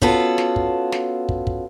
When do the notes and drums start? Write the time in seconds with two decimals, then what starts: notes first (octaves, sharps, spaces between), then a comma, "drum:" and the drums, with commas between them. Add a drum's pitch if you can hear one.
0.02 B3 C#4 F4 F#4 A4, drum: kick
0.38 drum: snare
0.56 drum: kick
0.92 drum: snare
1.29 drum: kick
1.47 drum: kick